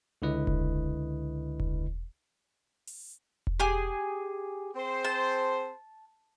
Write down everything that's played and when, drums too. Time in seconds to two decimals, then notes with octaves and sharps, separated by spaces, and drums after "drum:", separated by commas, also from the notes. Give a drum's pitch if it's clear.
0.22 C#2 D3 E4 B4 D#5
0.47 drum: kick E1
1.60 drum: kick E1
2.87 drum: open hi-hat
3.47 drum: kick E1
3.60 G4 G#4 G#5
4.74 C4 G#4 C5
5.04 A5